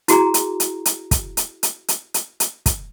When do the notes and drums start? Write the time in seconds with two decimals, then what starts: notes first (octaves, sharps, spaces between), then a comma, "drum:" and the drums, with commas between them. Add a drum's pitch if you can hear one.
0.08 E4 F#4 G#4 A#5, drum: hi-hat
0.34 drum: hi-hat
0.60 drum: hi-hat
0.85 drum: hi-hat
1.11 drum: kick, hi-hat
1.37 drum: hi-hat
1.63 drum: hi-hat
1.88 drum: hi-hat
2.14 drum: hi-hat
2.40 drum: hi-hat
2.66 drum: kick, hi-hat